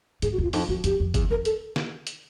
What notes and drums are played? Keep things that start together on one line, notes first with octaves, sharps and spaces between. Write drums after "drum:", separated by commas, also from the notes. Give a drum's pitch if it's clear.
G#2 G#4, drum: hi-hat
F#4
E2 F4
F2 D#4, drum: open hi-hat
F2 F#4
F2 G4, drum: hi-hat
F2
E2 G#4, drum: kick G1, hi-hat
F2 A#4
A4, drum: hi-hat
drum: snare
drum: hi-hat